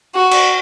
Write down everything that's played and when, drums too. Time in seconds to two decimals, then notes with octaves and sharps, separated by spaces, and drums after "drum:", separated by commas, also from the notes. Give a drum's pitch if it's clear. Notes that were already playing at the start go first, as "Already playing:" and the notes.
0.15 F#4
0.31 drum: cymbal